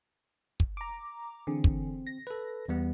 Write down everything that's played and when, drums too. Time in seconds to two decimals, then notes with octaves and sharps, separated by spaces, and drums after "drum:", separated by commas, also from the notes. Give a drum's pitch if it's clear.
0.60 drum: kick
0.77 A#5 D6
1.47 D3 E3 C4 G#4
1.64 drum: kick
2.07 A#6
2.27 A4 B4
2.68 E2 G3 B3